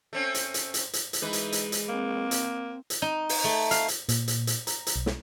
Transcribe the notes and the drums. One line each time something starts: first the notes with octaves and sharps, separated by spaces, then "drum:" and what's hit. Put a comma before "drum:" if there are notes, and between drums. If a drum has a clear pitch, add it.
A3 C4 C#4
drum: hi-hat
drum: hi-hat
drum: hi-hat
drum: hi-hat
drum: hi-hat
E3 G#3 D#4 B4
drum: hi-hat
drum: hi-hat
drum: hi-hat
A#3 C4
drum: hi-hat
drum: hi-hat
D#4
drum: open hi-hat
A3
F5, drum: hi-hat
drum: hi-hat
A#2, drum: hi-hat
drum: hi-hat
drum: hi-hat
A#5, drum: hi-hat
drum: hi-hat
B1
drum: snare